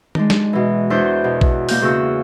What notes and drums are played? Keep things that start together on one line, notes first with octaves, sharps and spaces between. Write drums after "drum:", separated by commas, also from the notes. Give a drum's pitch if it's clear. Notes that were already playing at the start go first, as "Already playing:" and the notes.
G#3 D4 D#4, drum: tom D#3
drum: snare
B2 E3
E2 D4 E4 C5 C#5 G6
B2
drum: kick A#1
B2 A#3 G6, drum: open hi-hat
E2 C#3 A#3 F#4 E6